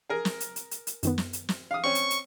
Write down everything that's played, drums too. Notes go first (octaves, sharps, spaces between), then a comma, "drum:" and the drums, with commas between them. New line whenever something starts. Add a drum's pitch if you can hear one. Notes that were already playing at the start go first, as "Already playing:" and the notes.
G#4 A#4
drum: snare
drum: hi-hat
drum: hi-hat
drum: hi-hat
drum: hi-hat
F#2 D#3 B3, drum: hi-hat
drum: snare
drum: hi-hat
drum: snare
F5 D#6
C4 C#4 C#6
drum: hi-hat
drum: hi-hat